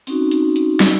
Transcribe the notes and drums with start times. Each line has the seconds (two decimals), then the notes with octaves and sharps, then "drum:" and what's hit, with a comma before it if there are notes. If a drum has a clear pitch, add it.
0.07 C4 C#4 D#4 F#4, drum: open hi-hat
0.31 drum: hi-hat
0.56 drum: hi-hat
0.80 drum: snare